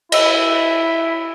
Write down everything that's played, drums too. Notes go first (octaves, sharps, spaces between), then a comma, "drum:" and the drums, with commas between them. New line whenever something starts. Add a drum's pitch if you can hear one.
E4 D#5 E6, drum: cymbal